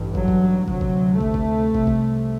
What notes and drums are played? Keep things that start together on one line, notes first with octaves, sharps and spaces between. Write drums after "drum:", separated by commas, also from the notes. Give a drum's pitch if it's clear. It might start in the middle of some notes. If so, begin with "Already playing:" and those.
Already playing: A1 G2
F#3, drum: kick
drum: kick
D2 C3 F#3, drum: kick
drum: kick
A3, drum: kick
drum: kick
C2 C3, drum: kick
drum: kick